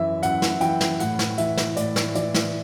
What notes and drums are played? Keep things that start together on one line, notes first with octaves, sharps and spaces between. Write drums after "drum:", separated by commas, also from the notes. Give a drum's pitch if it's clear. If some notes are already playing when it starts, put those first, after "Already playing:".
Already playing: F#2 E3 E5
F#2 F#5, drum: hi-hat
drum: snare
E3 G5, drum: hi-hat
drum: snare
A2 F#5, drum: hi-hat
drum: snare
E3 E5, drum: hi-hat
drum: snare
A2 D5, drum: hi-hat
drum: snare
E3 D5, drum: hi-hat
drum: snare